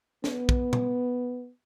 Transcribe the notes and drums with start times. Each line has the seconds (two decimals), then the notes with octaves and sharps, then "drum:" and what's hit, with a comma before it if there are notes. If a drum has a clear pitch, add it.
0.24 B3, drum: snare
0.49 drum: kick
0.73 drum: tom